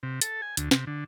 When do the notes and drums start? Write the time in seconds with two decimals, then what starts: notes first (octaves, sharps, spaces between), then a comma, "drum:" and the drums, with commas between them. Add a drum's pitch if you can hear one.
0.03 C3
0.21 A4, drum: hi-hat
0.42 G#5
0.57 D2, drum: hi-hat
0.71 C3, drum: snare
0.87 D3